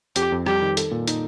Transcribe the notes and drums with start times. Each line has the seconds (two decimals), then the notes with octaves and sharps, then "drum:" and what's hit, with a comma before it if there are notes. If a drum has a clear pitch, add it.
0.16 F2 G4, drum: hi-hat
0.32 F2
0.46 G3 G4, drum: rim click
0.62 D#3
0.77 A4, drum: hi-hat
0.91 A#2
1.08 D#4, drum: hi-hat